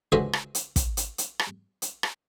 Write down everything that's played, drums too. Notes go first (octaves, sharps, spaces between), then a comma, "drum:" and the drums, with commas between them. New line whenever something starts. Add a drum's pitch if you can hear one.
C#2 D3 F#4 B4 C5 D#5
drum: rim click
drum: hi-hat
drum: kick, hi-hat
drum: hi-hat
drum: hi-hat
drum: rim click
drum: hi-hat
drum: rim click